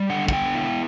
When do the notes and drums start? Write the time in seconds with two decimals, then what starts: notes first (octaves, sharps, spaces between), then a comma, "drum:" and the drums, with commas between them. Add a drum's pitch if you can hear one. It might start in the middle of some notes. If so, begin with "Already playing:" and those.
Already playing: G3
0.10 D3 F#5
0.29 F#5, drum: kick
0.32 B3 G5
0.55 E4